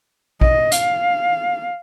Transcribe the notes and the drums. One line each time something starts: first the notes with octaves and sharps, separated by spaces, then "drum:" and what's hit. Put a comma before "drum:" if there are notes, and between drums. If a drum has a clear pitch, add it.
D#5, drum: kick A#1
F5, drum: hi-hat